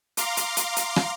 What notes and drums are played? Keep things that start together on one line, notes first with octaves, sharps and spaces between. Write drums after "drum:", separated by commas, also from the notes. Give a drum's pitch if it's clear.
F5 A#5 C6 D6, drum: hi-hat
drum: hi-hat
drum: hi-hat
drum: hi-hat
drum: rim click